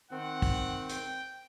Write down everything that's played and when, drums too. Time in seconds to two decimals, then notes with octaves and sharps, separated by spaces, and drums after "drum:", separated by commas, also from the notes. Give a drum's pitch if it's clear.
0.11 D#3 C4 F#5
0.42 drum: kick, open hi-hat
0.89 G5, drum: hi-hat